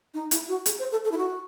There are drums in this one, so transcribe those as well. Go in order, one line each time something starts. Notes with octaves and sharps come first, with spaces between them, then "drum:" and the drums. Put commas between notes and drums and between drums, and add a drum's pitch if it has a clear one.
D#4
E4, drum: hi-hat
F#4
G#4, drum: hi-hat
C5
A4
A4
E4
F#4